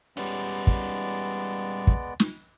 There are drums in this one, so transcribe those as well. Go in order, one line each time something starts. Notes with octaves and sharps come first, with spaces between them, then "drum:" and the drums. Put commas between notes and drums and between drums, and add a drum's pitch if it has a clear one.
G3 G#3 B3 C#4 D5, drum: hi-hat
drum: kick
drum: kick
drum: snare